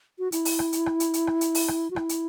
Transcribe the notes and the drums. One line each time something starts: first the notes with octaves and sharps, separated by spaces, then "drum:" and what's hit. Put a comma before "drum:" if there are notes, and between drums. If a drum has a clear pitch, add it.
F#4
E4, drum: hi-hat
drum: open hi-hat
drum: rim click
drum: hi-hat
drum: rim click
drum: hi-hat
drum: hi-hat
drum: rim click
drum: hi-hat
drum: open hi-hat
drum: rim click
F#4
E4, drum: rim click
drum: hi-hat